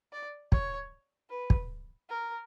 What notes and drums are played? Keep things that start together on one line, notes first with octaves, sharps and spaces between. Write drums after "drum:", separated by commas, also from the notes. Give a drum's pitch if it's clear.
D5
C#5, drum: kick
B4
drum: kick
A#4